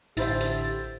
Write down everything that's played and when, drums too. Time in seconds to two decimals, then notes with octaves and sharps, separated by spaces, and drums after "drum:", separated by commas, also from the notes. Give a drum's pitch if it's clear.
0.17 A1 D3 E4 G4 C5 E5 A6, drum: hi-hat
0.40 drum: hi-hat